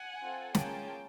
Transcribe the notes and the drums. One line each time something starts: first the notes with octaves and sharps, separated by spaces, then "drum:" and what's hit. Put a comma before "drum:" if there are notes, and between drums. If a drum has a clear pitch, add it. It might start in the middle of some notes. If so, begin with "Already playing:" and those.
Already playing: F#5 G#5
C4 F4 A4
A#3 C#4 F4 G#4 G5 A5, drum: snare